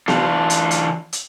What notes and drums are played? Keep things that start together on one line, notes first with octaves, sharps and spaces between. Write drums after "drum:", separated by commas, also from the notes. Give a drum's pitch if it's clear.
E3 D4 F4, drum: snare B3
drum: hi-hat
drum: hi-hat
drum: hi-hat